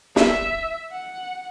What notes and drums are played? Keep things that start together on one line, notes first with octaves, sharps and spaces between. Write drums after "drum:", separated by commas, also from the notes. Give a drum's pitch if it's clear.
E5, drum: snare
F#5